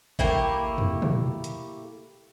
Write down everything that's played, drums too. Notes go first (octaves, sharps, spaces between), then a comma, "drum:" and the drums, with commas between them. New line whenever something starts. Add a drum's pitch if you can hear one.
A3 A#3 E4 G4, drum: kick G#1
drum: tom E2
drum: tom A#2
drum: hi-hat